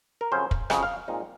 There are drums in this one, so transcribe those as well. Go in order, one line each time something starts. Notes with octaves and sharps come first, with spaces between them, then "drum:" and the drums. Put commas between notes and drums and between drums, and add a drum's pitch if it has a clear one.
A#4
F2 C#3 F#3 C#4 C5
drum: kick
F2 C#3 F#3 C#4 D#5, drum: rim click
F5
A#2 G#3 C4 D#4